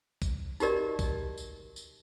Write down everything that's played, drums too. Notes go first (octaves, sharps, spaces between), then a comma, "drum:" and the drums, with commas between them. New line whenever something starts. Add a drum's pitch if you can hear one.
drum: kick, tambourine
D#4 F#4 G4 A#4 D5 D#5, drum: tambourine
drum: kick, tambourine
drum: tambourine
drum: tambourine